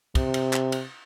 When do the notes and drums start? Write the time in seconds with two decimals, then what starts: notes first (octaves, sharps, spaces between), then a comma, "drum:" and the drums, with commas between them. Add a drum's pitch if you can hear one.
0.15 C3, drum: kick, cymbal
0.34 drum: cymbal
0.53 drum: clap
0.72 drum: cymbal